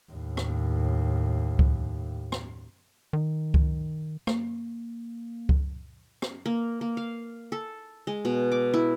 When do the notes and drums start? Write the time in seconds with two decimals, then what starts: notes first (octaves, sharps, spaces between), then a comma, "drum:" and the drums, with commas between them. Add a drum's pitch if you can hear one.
0.13 D#2 A2
0.37 drum: rim click
1.59 drum: kick C#2
2.32 drum: rim click
3.13 D#3
3.54 drum: kick C#2
4.27 A#3, drum: rim click
5.49 drum: kick C#2
6.22 drum: rim click
6.46 A#3
6.81 A#3
6.97 F5
7.52 A4
8.07 G#3
8.25 B2
8.52 D6
8.74 E4